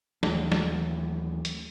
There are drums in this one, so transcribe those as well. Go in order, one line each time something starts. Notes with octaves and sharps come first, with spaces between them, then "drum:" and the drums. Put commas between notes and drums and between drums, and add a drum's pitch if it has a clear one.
D#2 E3 F#3 A3, drum: snare
drum: snare
drum: hi-hat